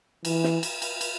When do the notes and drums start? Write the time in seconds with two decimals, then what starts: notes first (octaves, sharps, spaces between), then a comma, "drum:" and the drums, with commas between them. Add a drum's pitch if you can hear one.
0.25 E3, drum: cymbal
0.44 drum: snare
0.63 drum: cymbal
0.82 drum: cymbal
1.01 drum: cymbal